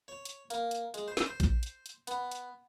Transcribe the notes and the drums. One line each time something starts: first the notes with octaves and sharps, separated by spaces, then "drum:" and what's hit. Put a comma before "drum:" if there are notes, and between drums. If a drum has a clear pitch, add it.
C#5
drum: hi-hat
A#3, drum: hi-hat
drum: hi-hat
G#3, drum: hi-hat
C5
drum: snare
C5
drum: kick A#1, hi-hat
drum: hi-hat
drum: hi-hat
B3, drum: hi-hat
drum: hi-hat